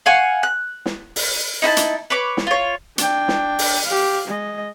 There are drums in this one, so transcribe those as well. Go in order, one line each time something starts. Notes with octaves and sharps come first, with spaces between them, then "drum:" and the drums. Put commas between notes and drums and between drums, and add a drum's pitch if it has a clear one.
F5 F#5 G#5 C#6
F#6
drum: snare
drum: open hi-hat
D#4 E4 F#5 A5
drum: hi-hat
B4 C#5 D6
drum: snare
F4 C#5
D4 G5, drum: hi-hat
drum: snare
drum: open hi-hat
G4 F5
G#3 D#5